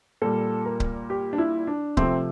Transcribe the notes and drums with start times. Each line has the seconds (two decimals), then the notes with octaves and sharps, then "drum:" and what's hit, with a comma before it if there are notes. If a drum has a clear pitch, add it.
0.22 A#2 G3 A4
0.65 A#4
0.80 drum: kick C#1
1.10 G4
1.33 D4
1.38 E4
1.67 D4
1.97 C3 F3 A3 C4, drum: kick C#1